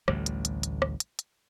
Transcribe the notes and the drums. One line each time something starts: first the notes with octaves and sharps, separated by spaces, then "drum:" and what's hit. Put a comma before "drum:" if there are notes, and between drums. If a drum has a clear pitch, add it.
A1 D2 A2 G3, drum: rim click
drum: hi-hat
drum: hi-hat
drum: hi-hat
drum: rim click
drum: hi-hat
drum: hi-hat